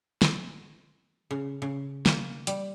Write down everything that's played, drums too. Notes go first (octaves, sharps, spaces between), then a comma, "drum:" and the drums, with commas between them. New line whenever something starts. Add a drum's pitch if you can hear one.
drum: snare
C#3
C#3
A#3, drum: snare
G3, drum: hi-hat